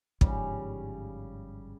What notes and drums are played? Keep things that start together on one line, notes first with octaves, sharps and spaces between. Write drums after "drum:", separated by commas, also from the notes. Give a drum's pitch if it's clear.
G1 G#2 C#3 F3 G3, drum: kick